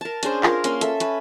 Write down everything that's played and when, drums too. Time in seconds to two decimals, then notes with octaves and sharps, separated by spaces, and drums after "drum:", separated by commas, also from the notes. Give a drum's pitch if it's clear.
0.01 A#4 A5
0.23 C#4 D4 G#4 C5, drum: hi-hat
0.43 F4 A#4 D5, drum: clap
0.64 A#3 C#4 F5 C6, drum: hi-hat
0.81 A4 E5, drum: hi-hat
1.00 C#4 B4, drum: hi-hat